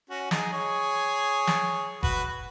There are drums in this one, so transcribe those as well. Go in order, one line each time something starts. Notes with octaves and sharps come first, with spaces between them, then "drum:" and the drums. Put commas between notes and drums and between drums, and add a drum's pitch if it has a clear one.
C#4 F#4
D#4 G#4, drum: snare
G#4 C#5
drum: snare
F#4 B4, drum: kick F#1